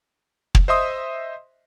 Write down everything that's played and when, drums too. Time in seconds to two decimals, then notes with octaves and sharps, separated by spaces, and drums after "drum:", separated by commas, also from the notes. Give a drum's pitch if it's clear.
0.55 drum: kick
0.68 C5 D#5 E5 C6 D#6